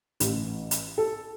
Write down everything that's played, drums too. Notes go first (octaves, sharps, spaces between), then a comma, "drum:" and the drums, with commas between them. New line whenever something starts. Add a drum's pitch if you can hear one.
A1, drum: hi-hat
drum: hi-hat
A4